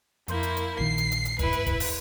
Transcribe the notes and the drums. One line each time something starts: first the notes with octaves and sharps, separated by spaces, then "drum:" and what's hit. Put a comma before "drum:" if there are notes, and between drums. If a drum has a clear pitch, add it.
F2 A#3 E4 C6 G6, drum: hi-hat
drum: hi-hat
drum: hi-hat
A#1 A#2 D#3 C7
drum: hi-hat
drum: hi-hat
drum: hi-hat
G#2 E4 B4, drum: kick E1, hi-hat
drum: hi-hat
drum: kick E1, hi-hat
drum: open hi-hat